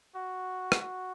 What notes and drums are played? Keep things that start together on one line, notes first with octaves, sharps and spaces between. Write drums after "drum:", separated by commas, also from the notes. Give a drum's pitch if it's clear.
F#4
drum: rim click
F#4